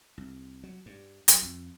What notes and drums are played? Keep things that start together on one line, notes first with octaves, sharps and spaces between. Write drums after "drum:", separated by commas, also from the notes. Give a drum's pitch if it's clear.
C2
F#3
G2
F#3, drum: hi-hat
F2